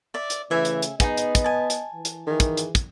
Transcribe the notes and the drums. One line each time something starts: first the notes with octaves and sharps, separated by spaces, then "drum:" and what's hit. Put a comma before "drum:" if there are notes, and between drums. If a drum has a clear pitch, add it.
D5 E5
drum: hi-hat
C#3 E3 A3 E5 G#5
drum: hi-hat
drum: hi-hat
B3 D#4 F#4 G#4 D#5, drum: kick, hi-hat
drum: hi-hat
drum: kick, hi-hat
G#5 A5
drum: hi-hat
E3
drum: hi-hat
D#3 E3 G#4
drum: kick, hi-hat
drum: hi-hat
drum: kick, hi-hat